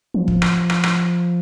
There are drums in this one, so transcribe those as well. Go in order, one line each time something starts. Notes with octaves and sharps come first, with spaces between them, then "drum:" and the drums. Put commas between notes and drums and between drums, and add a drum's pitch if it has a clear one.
F3
drum: kick
drum: rim click
drum: rim click
drum: rim click